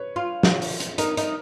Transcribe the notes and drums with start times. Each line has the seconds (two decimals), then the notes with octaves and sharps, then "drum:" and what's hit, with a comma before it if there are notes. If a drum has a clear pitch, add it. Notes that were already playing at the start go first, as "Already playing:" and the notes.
Already playing: B4 C#5
0.16 F4
0.43 drum: snare
0.62 drum: open hi-hat
0.80 drum: hi-hat
0.98 D#4 A#4, drum: hi-hat
1.17 D#4, drum: hi-hat